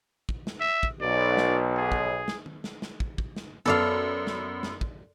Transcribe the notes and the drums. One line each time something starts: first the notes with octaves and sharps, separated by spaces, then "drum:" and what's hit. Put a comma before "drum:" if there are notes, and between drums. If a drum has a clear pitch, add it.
drum: kick
drum: snare
E5
drum: kick
B1 D5
drum: snare
G#4
drum: kick
drum: snare
drum: tom D#3
drum: snare
drum: snare
drum: kick
drum: kick
drum: snare
F#2 B3 A4 D5 F5
drum: snare
drum: snare
drum: kick